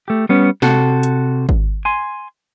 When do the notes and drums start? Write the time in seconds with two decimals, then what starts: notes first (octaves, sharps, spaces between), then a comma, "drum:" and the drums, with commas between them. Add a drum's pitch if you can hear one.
0.08 A3 G4
0.29 G3 B3 C#4
0.62 C3 F#4 A4, drum: snare
1.03 drum: hi-hat
1.49 drum: kick G#1
1.85 G#5 C6